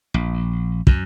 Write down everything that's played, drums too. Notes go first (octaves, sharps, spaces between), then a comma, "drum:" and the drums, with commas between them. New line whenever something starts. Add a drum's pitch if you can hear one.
A#1
F#2, drum: kick